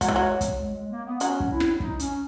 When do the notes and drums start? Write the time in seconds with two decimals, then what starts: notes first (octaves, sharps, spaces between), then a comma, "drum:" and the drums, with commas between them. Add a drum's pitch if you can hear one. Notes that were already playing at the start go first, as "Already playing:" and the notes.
0.01 F#3 G#3, drum: kick, hi-hat
0.08 E3
0.16 F#3 G#3
0.41 drum: kick, hi-hat
0.61 G#3
0.75 G#3
0.91 A#3
1.05 B3
1.20 F#3 C#4, drum: hi-hat
1.40 drum: kick
1.50 E4
1.60 drum: snare
1.80 D#4, drum: kick
1.99 C#4, drum: hi-hat